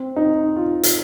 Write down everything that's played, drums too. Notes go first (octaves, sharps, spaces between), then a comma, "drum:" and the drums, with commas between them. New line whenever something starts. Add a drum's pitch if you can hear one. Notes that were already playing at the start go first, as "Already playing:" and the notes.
Already playing: C4
D#4
F4
drum: hi-hat